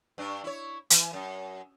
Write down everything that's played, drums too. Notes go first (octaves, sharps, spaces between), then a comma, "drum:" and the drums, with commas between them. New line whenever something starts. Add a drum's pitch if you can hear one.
G2 D4
E4 C#5
E3, drum: hi-hat
F#2